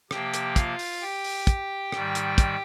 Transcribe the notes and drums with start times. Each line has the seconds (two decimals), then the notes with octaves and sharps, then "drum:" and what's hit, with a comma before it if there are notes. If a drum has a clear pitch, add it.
0.11 C3 F3 A#3 G4 G5, drum: rim click
0.34 drum: hi-hat
0.56 F4 F5, drum: kick, hi-hat
0.79 drum: open hi-hat
1.01 G4 G5
1.24 drum: open hi-hat
1.47 drum: kick, hi-hat
1.92 G#2 D#3 G3, drum: rim click
2.15 drum: hi-hat
2.38 drum: kick, hi-hat